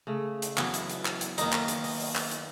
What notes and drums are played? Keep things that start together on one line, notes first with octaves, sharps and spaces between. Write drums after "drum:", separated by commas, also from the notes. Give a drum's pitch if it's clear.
C#3 A3
drum: hi-hat
E3 F#3 B3, drum: clap
drum: hi-hat
drum: hi-hat
drum: clap
drum: hi-hat
D#3 A#3 B3 D#4, drum: hi-hat
drum: clap
drum: hi-hat
D#5, drum: open hi-hat
drum: open hi-hat
drum: clap
drum: hi-hat